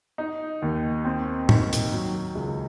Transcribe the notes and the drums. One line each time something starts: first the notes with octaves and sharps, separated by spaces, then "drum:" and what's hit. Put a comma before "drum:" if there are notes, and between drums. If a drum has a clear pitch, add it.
D#4
D#2
C4
D#3, drum: tom
drum: hi-hat
F#3
C#2